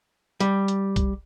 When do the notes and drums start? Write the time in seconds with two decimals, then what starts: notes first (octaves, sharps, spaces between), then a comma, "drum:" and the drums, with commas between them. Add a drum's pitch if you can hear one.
0.40 G3, drum: hi-hat
0.68 drum: hi-hat
0.96 drum: kick, hi-hat